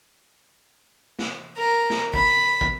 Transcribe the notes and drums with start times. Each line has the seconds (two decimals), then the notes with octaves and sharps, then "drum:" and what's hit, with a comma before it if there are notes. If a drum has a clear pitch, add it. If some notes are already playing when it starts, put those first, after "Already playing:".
1.19 drum: snare
1.58 A#4
1.90 drum: snare
2.14 B5, drum: kick
2.61 drum: kick